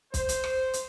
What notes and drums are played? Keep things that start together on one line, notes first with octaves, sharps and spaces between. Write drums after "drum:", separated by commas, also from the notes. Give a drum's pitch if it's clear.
C5, drum: kick, hi-hat
drum: hi-hat
drum: rim click
drum: hi-hat